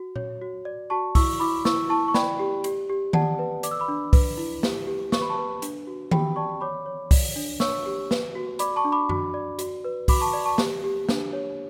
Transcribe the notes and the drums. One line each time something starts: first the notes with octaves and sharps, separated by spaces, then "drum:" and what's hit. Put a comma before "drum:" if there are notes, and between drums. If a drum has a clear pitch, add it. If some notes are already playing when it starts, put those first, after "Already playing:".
Already playing: F#4
C#5, drum: tom A#2
F#4
D5
F#4 A5 C#6
E4 C#6 E6, drum: kick C2, open hi-hat
E4 B5 D6
E4 C#6 E6, drum: snare
E4 A5 C#6
C#6
D5 G5 B5, drum: snare
G4
G4, drum: hi-hat
G4
D5 F#5 A5, drum: tom D#3
B4
D5 D6, drum: hi-hat
E6
B5 D6
D4
B4, drum: kick C2, open hi-hat
E4
G4, drum: snare
G4
B4 C#6, drum: snare
B5
A5 C#6
B4
D4, drum: hi-hat
F#4
G4 G5 B5, drum: tom D#3
D5 A5 C#6
C#5 B5 D6
C#5
D5, drum: kick C2, open hi-hat
D4
C#5 C#6 E6, drum: snare
G4
B4, drum: snare
F#4
D5 B5 D6, drum: hi-hat
A5 C#6
D4
B5 D6
F#4, drum: tom F#2
D5
F#4, drum: hi-hat
B4
F#4 B5 D6, drum: kick C2, open hi-hat
A5 C#6
D5
A5 C#6
G4, drum: snare
G4
D4, drum: snare
C#5